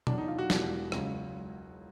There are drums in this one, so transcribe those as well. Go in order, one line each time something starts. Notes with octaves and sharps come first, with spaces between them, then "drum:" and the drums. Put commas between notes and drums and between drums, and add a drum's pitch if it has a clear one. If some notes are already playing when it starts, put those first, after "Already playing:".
E2 B2 F#3 D4, drum: tom B2
D#4
F4
F#4
E1 E2 B2 G3, drum: snare
C#2 C#3 F#3, drum: rim click